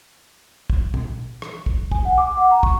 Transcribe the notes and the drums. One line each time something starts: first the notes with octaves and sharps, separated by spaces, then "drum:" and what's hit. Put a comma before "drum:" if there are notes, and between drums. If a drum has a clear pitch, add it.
drum: kick
drum: tom
drum: rim click
drum: kick
G#5, drum: kick
F#5
D6
F#5
A#5
C#6, drum: kick